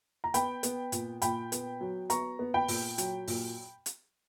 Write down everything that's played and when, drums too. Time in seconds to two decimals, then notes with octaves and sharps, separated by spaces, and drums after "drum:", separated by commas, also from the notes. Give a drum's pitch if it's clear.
0.24 A#5
0.34 B3 G5 B5, drum: hi-hat
0.63 B3, drum: hi-hat
0.92 A#2, drum: hi-hat
1.22 A#2 G5 B5, drum: hi-hat
1.52 B3, drum: hi-hat
1.81 F#3
2.10 B3 A#5 C#6, drum: hi-hat
2.39 B3
2.54 G5 B5
2.68 A#2, drum: open hi-hat
2.98 F#3, drum: hi-hat
3.27 A#2, drum: open hi-hat
3.86 drum: hi-hat